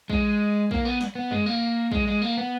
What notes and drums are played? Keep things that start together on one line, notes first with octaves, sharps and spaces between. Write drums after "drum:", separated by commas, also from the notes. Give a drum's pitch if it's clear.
G#3, drum: kick
A#3, drum: kick
B3
drum: snare
B3
G#3, drum: tom
A#3
G#3, drum: kick
G#3
A#3
B3